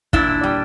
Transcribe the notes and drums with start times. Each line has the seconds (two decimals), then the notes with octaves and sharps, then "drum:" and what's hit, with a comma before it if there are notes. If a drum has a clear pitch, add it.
0.13 A#2 D4 E4, drum: kick
0.44 G3